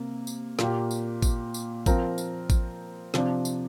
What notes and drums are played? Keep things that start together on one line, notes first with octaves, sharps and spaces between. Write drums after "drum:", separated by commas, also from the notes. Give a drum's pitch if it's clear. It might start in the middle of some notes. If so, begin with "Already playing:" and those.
Already playing: C3 A#3
drum: tambourine
A#2 A#3 G4, drum: snare
drum: tambourine
drum: kick A1, tambourine
drum: tambourine
F3 C4 A#4, drum: kick A1, tambourine
drum: tambourine
drum: kick A1, tambourine
C3 F3 D4, drum: snare
drum: tambourine